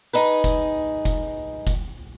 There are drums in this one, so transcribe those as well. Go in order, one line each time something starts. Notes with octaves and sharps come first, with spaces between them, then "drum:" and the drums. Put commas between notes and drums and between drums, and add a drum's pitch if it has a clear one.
D#4 G#4 B4
drum: kick F1, hi-hat
drum: kick F1, hi-hat
drum: kick F1, hi-hat